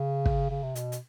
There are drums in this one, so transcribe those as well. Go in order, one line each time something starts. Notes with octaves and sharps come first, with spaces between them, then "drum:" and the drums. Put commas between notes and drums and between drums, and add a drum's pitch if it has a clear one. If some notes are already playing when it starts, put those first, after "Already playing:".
Already playing: C#3
drum: kick
C#3
C3
B2, drum: hi-hat
drum: hi-hat